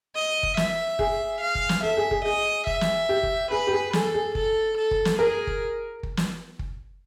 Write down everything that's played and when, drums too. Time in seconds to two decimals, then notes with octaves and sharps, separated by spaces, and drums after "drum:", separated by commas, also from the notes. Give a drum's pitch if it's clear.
0.15 D#5
0.43 drum: kick
0.57 E5, drum: snare
0.99 G#4, drum: kick
1.41 F5
1.55 drum: kick
1.69 drum: snare
1.83 A4 E5
1.97 G#4
2.11 G#4, drum: kick
2.25 G#4 D#5
2.67 E5, drum: kick
2.81 drum: snare
3.09 G4
3.23 drum: kick
3.51 G#4 B4
3.67 G4
3.72 G#4
3.93 G#4 A4, drum: snare
4.14 G#4
4.35 A4, drum: kick
4.77 A4
4.91 drum: kick
5.05 drum: snare
5.19 G#4 A#4
5.47 drum: kick
6.03 drum: kick
6.17 drum: snare
6.59 drum: kick